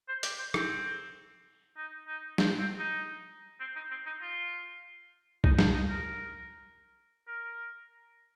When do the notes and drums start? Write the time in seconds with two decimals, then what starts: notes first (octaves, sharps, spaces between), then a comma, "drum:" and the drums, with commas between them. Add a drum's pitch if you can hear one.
0.08 C5
0.23 G4, drum: hi-hat
0.39 C5
0.54 C4, drum: rim click
1.77 D#4
2.07 D#4
2.38 C4, drum: snare
2.59 C4
2.79 D#4
3.60 C4
3.76 D#4
3.90 C4
4.06 D#4
4.22 F4
5.44 D#4, drum: kick B1
5.59 C4, drum: snare
5.74 D#4
5.89 A#4
7.28 A#4